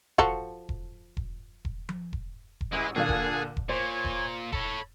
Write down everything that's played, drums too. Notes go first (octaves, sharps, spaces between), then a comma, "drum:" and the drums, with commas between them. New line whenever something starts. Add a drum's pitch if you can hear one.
F3 F#4 A4, drum: kick E1
drum: kick E1
drum: kick E1
drum: kick E1
drum: tom F3
drum: kick E1
drum: kick E1
A1 G#3 E4 G#4 B4
A#2 D3 G#4 F5 F#5 G#5 A5
drum: kick E1
drum: kick E1
A#2 C5 C#5 G#5
drum: kick E1
A4 C#5 B5, drum: kick E1